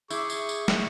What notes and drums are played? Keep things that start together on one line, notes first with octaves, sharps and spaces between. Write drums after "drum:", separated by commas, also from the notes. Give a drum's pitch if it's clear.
E4 G#4 C#6 D6 G6, drum: tambourine
drum: tambourine
drum: tambourine
drum: snare